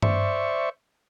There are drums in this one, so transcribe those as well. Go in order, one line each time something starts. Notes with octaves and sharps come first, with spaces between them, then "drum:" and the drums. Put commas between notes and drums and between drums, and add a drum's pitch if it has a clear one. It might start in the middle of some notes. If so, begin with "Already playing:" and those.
C5 D5 E5 C#6, drum: tom G2